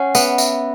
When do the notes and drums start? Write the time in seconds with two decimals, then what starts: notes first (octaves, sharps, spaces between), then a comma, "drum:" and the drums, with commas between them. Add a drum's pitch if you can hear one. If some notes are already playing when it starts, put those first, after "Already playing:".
Already playing: C#4 F#5
0.15 B3 E5, drum: tambourine
0.38 E5, drum: tambourine